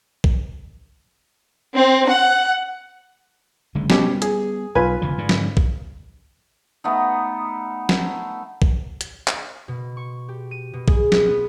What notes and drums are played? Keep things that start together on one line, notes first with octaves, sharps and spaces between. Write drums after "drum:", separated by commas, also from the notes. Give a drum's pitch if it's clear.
drum: kick
C4
F#5
F#1 D3 G#3
B2 G3 B3 C#4 G4, drum: snare
G#4, drum: hi-hat
B1 F4 B4 G#5
F1 D3 F3
G#2 D3
drum: snare
drum: kick
A3 B3 D#4
drum: snare
drum: kick
drum: hi-hat
drum: clap
B2
C#6
G4
D#7
B2
G#4, drum: kick
B3, drum: snare
B3